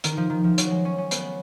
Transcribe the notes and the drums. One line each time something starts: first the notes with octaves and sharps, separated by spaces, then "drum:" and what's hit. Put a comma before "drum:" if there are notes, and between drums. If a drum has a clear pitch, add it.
D#3, drum: hi-hat
F3
D#3
F3
F#3, drum: hi-hat
G#3
C#4
C#4
B3, drum: hi-hat